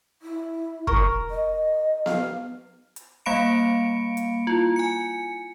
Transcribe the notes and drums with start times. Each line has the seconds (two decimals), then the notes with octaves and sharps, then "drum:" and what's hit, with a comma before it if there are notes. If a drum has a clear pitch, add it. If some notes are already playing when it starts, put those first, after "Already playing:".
0.22 E4
0.87 A#4 A#5 C#6, drum: kick
1.30 D#5
2.06 F5, drum: snare B3
2.96 drum: hi-hat
3.26 G3 A#3 F5 B5 C#7 D7
4.17 drum: hi-hat
4.47 E4 F4
4.76 G#5 C#7